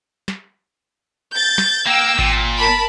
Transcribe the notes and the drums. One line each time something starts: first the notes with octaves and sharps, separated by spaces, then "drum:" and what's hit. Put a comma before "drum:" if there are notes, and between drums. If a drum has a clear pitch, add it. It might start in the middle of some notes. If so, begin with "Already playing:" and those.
drum: snare
G6 A6
drum: snare
A#3 G5 E6
A#2, drum: kick G#1
A#4 A5 B5